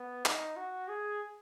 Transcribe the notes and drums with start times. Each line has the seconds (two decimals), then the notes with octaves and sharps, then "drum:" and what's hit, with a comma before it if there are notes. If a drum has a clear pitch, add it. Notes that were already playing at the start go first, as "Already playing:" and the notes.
Already playing: B3
0.25 D#4, drum: clap
0.56 F#4
0.88 G#4